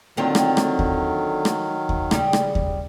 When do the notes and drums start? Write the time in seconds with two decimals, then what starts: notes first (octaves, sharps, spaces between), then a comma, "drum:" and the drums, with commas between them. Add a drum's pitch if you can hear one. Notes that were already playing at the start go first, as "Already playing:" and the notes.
0.17 D3 D#3 F#3 C4 F4
0.35 drum: rim click
0.57 drum: rim click
0.79 drum: kick D#2
1.45 drum: rim click
1.89 drum: kick D#2
2.11 C#3 G3, drum: rim click
2.33 drum: rim click
2.55 drum: kick D#2